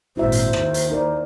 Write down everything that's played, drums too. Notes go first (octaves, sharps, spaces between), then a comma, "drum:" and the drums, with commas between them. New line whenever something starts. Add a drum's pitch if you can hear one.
G#1 A#2 E4 F#4 C5 E5
drum: hi-hat
D#2 D#3, drum: rim click
drum: hi-hat
D#4 A#4 D5